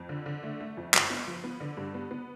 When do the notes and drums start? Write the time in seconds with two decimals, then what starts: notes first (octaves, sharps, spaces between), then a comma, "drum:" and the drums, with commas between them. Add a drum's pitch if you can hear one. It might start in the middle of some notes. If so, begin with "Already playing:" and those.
Already playing: F2
0.09 D3
0.26 D3
0.43 A3
0.61 A3
0.77 F2
0.94 G1, drum: clap
1.10 B3
1.28 F3
1.44 B3
1.60 D3
1.77 G2
1.94 B3
2.11 B3